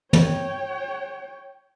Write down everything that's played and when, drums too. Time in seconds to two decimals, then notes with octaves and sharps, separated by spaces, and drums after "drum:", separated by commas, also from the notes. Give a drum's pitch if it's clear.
0.13 C#5 G5, drum: tom